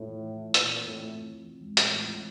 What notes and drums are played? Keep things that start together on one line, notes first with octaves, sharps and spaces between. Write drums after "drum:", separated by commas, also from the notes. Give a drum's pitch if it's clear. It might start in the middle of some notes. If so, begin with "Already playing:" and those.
Already playing: A2 F4
E3
E3
F4
A#2 E3, drum: hi-hat
C4
A2 C4
F4
E3
E3
C4
G#3
A2 E3, drum: hi-hat
F4
F4